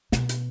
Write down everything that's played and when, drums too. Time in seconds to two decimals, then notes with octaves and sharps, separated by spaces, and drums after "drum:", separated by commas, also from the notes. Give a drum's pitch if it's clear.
0.12 B2, drum: snare
0.29 drum: hi-hat